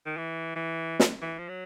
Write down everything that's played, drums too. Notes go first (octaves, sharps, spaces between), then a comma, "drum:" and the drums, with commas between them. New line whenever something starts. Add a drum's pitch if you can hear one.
D#3
E3
E3
drum: snare
E3
F3
F#3